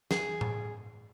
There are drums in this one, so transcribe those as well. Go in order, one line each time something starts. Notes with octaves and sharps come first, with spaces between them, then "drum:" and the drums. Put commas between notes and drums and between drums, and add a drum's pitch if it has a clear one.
G#4, drum: snare
drum: tom A2